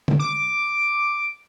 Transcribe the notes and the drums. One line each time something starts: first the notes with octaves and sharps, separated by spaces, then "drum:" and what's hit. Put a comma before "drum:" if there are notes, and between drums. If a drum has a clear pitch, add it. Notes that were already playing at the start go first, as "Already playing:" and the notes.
drum: tom
D6